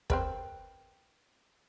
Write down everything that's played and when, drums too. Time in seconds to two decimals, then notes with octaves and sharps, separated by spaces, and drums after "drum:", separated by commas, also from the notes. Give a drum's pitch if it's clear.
0.10 C4 A#4 B4, drum: kick